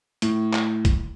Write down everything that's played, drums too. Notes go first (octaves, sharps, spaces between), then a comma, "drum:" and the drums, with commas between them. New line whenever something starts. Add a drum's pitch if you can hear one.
A2, drum: hi-hat
drum: clap
drum: kick, hi-hat